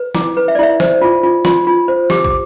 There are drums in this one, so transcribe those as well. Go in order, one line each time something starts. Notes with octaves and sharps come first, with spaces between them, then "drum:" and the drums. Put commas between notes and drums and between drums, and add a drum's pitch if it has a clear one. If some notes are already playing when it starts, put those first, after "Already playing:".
Already playing: B4
E4 D6, drum: snare
B4
E5
D5
E4 E5
C5, drum: snare
F4
F4
F4 C6, drum: snare
F4
C5
G4 D6, drum: snare
E6
D6, drum: kick